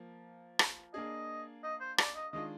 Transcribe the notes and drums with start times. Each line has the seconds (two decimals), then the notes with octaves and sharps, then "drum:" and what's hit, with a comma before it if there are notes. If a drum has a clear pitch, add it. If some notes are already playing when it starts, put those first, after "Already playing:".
Already playing: F3 A#3
0.59 drum: rim click
0.94 A#3 D4 G#4 D#5
1.63 D#5
1.81 C5
1.98 D5, drum: rim click
2.15 D#5
2.33 D#3 G#3 D4 F4 D#5